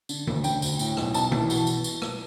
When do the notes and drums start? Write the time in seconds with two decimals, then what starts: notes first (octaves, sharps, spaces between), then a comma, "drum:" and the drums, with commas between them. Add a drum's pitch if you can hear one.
0.09 D3, drum: tambourine
0.27 D2, drum: tom D#3
0.44 D3 G5, drum: tambourine
0.62 D2, drum: tambourine
0.79 A2, drum: tambourine
0.97 B1, drum: rim click
1.14 B1 A5, drum: tambourine
1.32 E3, drum: tom D#3
1.50 B2, drum: tambourine
1.67 drum: tambourine
1.84 drum: tambourine
2.02 drum: rim click